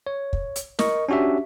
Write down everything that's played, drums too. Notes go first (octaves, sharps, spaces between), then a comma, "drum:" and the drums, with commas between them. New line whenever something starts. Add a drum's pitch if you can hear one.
C#5
drum: kick
drum: hi-hat
A#4 D#5 C#6, drum: snare
C#4 D4 F#4 G4 E5